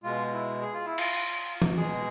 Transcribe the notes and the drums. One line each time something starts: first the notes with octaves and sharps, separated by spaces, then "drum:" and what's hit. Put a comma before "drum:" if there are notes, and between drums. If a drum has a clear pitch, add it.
B2 G#3 F4
E4
G#4
F4
E4
F4, drum: cymbal
drum: tom E3
B2 G#3 G#4